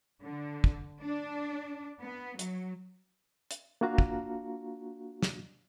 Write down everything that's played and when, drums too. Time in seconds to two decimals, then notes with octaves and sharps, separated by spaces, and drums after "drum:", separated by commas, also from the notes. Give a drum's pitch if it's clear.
0.22 D3
0.64 drum: kick
1.02 D4
2.02 B3
2.39 F#3, drum: hi-hat
3.51 drum: hi-hat
3.81 A#3 D4 F4 F#4 F5 A#5
3.98 drum: kick
5.23 drum: snare